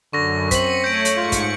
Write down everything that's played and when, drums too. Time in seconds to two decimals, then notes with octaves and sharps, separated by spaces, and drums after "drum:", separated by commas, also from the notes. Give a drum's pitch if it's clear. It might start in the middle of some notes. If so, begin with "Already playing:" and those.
0.13 F#2 D3 C#6 A#6
0.51 C4 B6 C#7 D#7 F#7, drum: kick, hi-hat
0.84 A3 C#5 G6 D7
1.05 drum: hi-hat
1.17 G#2 F4 C#6 C#7
1.32 drum: kick, hi-hat